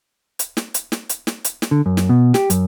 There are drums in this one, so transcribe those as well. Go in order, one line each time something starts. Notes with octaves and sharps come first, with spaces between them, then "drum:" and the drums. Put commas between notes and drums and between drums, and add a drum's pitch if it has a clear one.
drum: hi-hat
drum: snare
drum: hi-hat
drum: snare
drum: hi-hat
drum: snare
drum: hi-hat
drum: snare
D3
F#2
drum: snare
B2
G4, drum: snare
F#2, drum: hi-hat